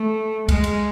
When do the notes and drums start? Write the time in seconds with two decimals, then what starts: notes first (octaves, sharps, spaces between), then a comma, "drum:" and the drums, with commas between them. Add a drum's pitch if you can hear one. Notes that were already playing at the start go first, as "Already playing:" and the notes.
Already playing: A3
0.48 G#3, drum: kick, cymbal
0.64 drum: cymbal